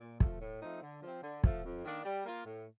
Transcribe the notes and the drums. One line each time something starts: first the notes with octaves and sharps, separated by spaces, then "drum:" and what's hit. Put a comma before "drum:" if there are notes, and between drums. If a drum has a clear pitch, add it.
A#2
F3 A3, drum: kick
A2
F3 A3 C4 D#4
D3
F3 C4
D3
F3 A3, drum: kick
F2
D#3 A#3 D4
G3
A#3 F4
A2